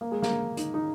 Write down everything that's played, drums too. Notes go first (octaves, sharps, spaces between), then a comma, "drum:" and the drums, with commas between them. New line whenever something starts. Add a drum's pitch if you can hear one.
A#3
G#3
A#3, drum: snare
D#4, drum: hi-hat
D#4